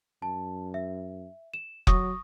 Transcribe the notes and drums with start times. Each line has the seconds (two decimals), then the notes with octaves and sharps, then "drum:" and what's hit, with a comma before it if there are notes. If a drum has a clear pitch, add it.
0.22 F#2 A5
0.74 E5
1.54 E7
1.87 F#3 C#6 D#6 A#6, drum: kick F1